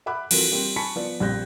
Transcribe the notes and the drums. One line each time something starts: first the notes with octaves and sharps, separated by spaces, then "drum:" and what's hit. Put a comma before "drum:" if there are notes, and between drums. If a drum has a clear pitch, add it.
E5 F#5 B5 D6 F#6
E3 F3 C4 F#4 A4 A#4, drum: cymbal
G3 A#3 C4 F4 G4
G#5 A5 B5 C#6 B6 C#7
F3 B3 F4 D5
A#1 C4 G4 F#6 G6 A#6